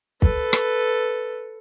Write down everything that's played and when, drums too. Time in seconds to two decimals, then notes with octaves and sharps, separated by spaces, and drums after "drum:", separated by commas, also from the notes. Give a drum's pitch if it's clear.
0.22 A4 B4, drum: kick
0.53 drum: rim click